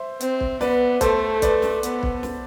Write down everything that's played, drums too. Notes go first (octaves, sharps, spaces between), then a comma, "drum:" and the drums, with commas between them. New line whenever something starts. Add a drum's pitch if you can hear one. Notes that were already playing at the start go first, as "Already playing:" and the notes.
Already playing: C5 E5
C4, drum: hi-hat
drum: kick
B3 B4 D5, drum: snare
A3 A4 C5, drum: kick, hi-hat
B4 D5, drum: kick, hi-hat
drum: snare
B3, drum: hi-hat
drum: kick
drum: snare